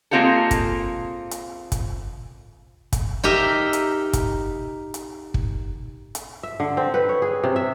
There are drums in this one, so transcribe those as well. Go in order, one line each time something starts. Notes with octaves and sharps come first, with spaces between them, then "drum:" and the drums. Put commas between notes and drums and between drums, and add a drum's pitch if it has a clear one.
G#3 A#3 C4 F4 G4 A4
drum: kick, hi-hat
drum: hi-hat
drum: kick, hi-hat
drum: kick, hi-hat
D#4 G4 A#4 E5
drum: hi-hat
drum: kick, hi-hat
drum: hi-hat
drum: kick
drum: hi-hat
E5
D3
C4
B4
C#5
G#4
C3
E5